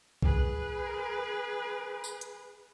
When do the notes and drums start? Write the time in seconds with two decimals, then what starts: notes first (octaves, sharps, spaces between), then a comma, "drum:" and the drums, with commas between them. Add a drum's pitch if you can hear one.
0.22 G#4 B4, drum: kick B1
2.04 drum: tambourine
2.21 drum: hi-hat